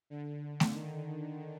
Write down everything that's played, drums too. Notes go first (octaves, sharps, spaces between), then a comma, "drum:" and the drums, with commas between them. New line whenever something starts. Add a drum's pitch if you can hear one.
D3
drum: snare A3
D#3